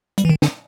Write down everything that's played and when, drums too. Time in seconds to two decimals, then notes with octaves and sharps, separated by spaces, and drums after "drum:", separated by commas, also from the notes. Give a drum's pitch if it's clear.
0.18 G3, drum: hi-hat
0.25 E3
0.29 D#3
0.42 D3, drum: snare